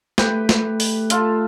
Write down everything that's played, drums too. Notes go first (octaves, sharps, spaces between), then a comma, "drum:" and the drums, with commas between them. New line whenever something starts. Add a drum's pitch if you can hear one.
A3 G4 B4, drum: snare
drum: snare
drum: open hi-hat
F4 A4, drum: hi-hat